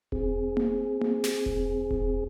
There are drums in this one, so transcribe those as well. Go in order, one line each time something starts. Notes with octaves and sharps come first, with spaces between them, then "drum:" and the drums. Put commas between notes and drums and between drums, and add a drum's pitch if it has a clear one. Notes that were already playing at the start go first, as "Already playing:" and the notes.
C4 G#4, drum: kick E1
drum: tom A#3
drum: tom A#3
drum: snare
drum: kick E1
drum: kick E1